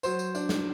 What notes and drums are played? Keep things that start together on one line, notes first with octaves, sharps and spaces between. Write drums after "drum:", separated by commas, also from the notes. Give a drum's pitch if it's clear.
F#3 C5, drum: tambourine
drum: tambourine
D4, drum: tambourine
drum: snare